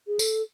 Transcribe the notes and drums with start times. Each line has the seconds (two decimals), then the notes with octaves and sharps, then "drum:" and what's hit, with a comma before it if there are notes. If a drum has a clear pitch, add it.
0.07 G#4
0.19 A4, drum: tambourine